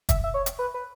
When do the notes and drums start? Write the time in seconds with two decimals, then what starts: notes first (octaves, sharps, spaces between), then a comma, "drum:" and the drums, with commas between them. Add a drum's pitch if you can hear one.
0.09 E5, drum: kick, hi-hat
0.24 E5
0.34 C#5
0.46 drum: hi-hat
0.59 B4
0.74 B4